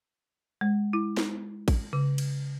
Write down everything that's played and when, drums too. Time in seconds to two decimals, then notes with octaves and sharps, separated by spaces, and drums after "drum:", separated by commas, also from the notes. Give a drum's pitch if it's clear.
0.61 G#3
0.93 E4
1.17 drum: snare
1.68 drum: kick A1, cymbal
1.93 C#3
2.18 drum: cymbal